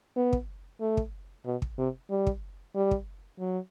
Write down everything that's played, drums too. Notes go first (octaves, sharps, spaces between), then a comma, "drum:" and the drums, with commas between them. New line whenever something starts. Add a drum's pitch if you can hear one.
B3
drum: kick
A3
drum: kick
B2
drum: kick
C3
G3
drum: kick
G3
drum: kick
F#3